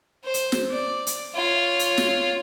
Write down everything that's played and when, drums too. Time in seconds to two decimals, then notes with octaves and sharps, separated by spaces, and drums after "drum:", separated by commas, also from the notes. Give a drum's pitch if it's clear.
0.25 C5
0.34 drum: hi-hat
0.52 drum: snare
0.70 D5
1.07 drum: hi-hat
1.34 F4 C#5
1.79 drum: hi-hat
1.97 drum: snare